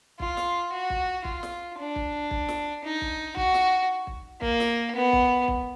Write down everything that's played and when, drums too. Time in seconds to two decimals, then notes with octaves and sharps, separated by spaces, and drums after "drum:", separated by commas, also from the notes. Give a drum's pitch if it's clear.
0.20 F4, drum: kick
0.37 drum: snare
0.73 F#4
0.90 drum: kick
1.25 F4, drum: kick
1.43 drum: snare
1.78 D4
1.96 drum: kick
2.31 drum: kick
2.49 drum: snare
2.84 D#4
3.01 drum: kick
3.37 F#4, drum: kick
3.54 drum: snare
4.07 drum: kick
4.42 A#3, drum: kick
4.60 drum: snare
4.96 B3
5.13 drum: kick
5.48 drum: kick